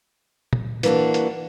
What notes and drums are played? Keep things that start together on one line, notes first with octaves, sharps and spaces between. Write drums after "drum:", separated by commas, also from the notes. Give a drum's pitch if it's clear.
drum: tom A#2
E3 A#3 D4 F#4, drum: hi-hat
drum: hi-hat